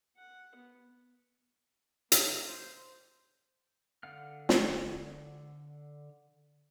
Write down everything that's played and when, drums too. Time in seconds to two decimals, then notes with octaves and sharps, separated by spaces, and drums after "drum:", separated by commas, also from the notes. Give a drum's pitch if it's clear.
0.17 F#5
0.55 B3
2.12 A#3, drum: hi-hat
2.47 C5
4.03 D3 F5 F#5 F6
4.49 drum: snare